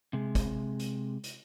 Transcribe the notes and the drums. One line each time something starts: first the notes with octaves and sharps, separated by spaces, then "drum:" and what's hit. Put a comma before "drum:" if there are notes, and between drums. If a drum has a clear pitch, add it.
C3 G#3
drum: kick, hi-hat
drum: hi-hat
drum: hi-hat